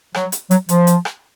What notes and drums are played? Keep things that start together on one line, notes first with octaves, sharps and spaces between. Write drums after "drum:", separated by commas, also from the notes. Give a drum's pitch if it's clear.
F#3, drum: rim click
drum: hi-hat
F#3, drum: hi-hat
F3, drum: hi-hat
drum: hi-hat
drum: rim click